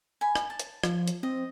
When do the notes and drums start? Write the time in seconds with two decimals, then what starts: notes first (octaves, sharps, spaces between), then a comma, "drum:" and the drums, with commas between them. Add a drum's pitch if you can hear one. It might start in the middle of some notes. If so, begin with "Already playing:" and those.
0.21 G#5 B5
0.35 drum: rim click
0.50 A5
0.59 drum: hi-hat
0.84 F3, drum: rim click
1.08 drum: hi-hat
1.23 C4 D#5